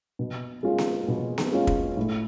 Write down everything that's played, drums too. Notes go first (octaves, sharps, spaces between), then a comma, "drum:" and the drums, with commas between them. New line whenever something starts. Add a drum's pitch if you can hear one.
B2
G#3 C#4 F4
drum: snare B3
B2
drum: snare B3
G#3 C#4 F4
drum: kick
A2